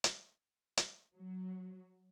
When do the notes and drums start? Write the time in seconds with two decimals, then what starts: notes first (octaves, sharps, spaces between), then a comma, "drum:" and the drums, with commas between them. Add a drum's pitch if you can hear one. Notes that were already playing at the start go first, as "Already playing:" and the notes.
0.04 drum: hi-hat
0.77 drum: hi-hat
1.14 F#3